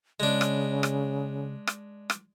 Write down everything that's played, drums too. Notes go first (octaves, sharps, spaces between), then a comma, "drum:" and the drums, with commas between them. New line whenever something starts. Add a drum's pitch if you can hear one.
C#3 G#3 D4
drum: rim click
drum: rim click
drum: rim click
drum: rim click